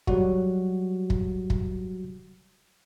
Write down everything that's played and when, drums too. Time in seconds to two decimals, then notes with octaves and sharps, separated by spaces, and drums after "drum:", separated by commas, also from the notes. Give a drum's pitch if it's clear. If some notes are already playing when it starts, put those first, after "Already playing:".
0.07 F#3 G3 F#4, drum: kick
1.10 drum: kick
1.50 drum: kick